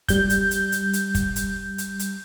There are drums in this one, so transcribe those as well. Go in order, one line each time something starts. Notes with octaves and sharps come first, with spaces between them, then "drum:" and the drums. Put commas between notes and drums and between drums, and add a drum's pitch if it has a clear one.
G3 G6, drum: kick, hi-hat
drum: hi-hat
drum: hi-hat
drum: hi-hat
drum: hi-hat
drum: kick, hi-hat
drum: hi-hat
drum: hi-hat
drum: hi-hat